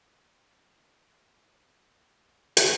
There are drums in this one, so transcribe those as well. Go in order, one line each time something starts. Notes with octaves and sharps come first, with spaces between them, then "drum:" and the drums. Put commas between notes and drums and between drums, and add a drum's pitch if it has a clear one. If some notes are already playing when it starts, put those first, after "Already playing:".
A1 E2 F#3 A#3
drum: hi-hat